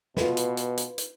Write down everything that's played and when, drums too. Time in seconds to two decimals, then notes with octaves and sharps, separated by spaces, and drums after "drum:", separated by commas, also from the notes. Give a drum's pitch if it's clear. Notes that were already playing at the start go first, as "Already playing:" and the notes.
0.17 B2 F4 B4, drum: snare
0.37 drum: hi-hat
0.57 drum: hi-hat
0.78 drum: hi-hat
0.98 drum: hi-hat